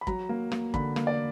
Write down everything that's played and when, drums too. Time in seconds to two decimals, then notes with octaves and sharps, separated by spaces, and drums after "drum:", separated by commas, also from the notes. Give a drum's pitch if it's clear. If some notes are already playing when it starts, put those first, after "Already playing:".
0.01 B5
0.07 F#3 A#5, drum: kick
0.29 A#3
0.52 A#3, drum: rim click
0.74 D3 B5, drum: kick
0.96 A#3, drum: rim click
1.07 D5